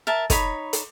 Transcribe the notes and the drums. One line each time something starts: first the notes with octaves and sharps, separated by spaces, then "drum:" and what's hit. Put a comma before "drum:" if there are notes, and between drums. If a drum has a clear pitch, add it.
A#4 E5 A5
D#4 C#5 B5, drum: kick, hi-hat
drum: hi-hat